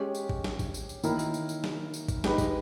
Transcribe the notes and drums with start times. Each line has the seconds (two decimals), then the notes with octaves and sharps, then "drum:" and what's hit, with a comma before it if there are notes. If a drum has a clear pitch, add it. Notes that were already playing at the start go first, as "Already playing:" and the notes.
Already playing: G#3 C#4 G4
0.15 drum: tambourine
0.30 drum: kick
0.44 drum: snare
0.59 drum: kick, tambourine
0.74 drum: tambourine
0.89 drum: tambourine
1.03 D#3 A#3 E4 A#4, drum: tambourine
1.19 drum: tambourine
1.34 drum: tambourine
1.49 drum: tambourine
1.64 drum: snare
1.94 drum: tambourine
2.09 drum: kick, tambourine
2.24 G#3 D#4 G4 B4 D#5, drum: snare
2.38 drum: kick, tambourine